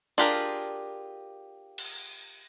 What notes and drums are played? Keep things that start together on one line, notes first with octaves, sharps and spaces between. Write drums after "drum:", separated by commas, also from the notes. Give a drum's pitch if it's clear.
D4 F4 G4 G#4 A#4
drum: cymbal